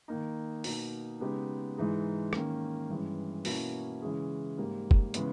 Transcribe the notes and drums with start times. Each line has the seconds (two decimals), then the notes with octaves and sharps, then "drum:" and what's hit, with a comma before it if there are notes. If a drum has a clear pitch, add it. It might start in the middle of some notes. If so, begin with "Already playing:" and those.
0.08 D#3 A#3 D#4
0.64 B2 A#3 D#4, drum: open hi-hat
1.20 C#3 G#3 B3 D#4 G4
1.77 G#2 E3 G#3 D#4 G#4
2.33 D#3 A#3 C#4, drum: rim click
2.89 G2 E3 G#3 C#4
3.45 B2 A#3 C#4 E4, drum: open hi-hat
4.02 C#3 E3 G#3 C#4 G#4
4.58 G#2 G3 A#3
4.91 drum: kick F#1
5.14 C#3 E3 G#3 B3, drum: hi-hat